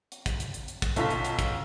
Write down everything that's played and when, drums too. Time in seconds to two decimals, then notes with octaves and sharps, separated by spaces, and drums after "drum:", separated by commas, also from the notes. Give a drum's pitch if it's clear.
0.12 drum: hi-hat
0.26 drum: kick, hi-hat
0.40 drum: hi-hat
0.54 drum: hi-hat
0.68 drum: hi-hat
0.82 drum: kick, hi-hat
0.96 B1 C#4 F4 A4 F5 B6, drum: hi-hat
1.10 drum: hi-hat
1.25 drum: hi-hat
1.39 drum: kick, hi-hat